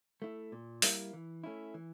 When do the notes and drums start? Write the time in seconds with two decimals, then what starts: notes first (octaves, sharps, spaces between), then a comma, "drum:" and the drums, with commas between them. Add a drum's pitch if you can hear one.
0.22 A3 E4
0.52 A#2
0.82 G3 A#3 E4, drum: open hi-hat
1.13 E3
1.44 A3 C#4 E4
1.74 E3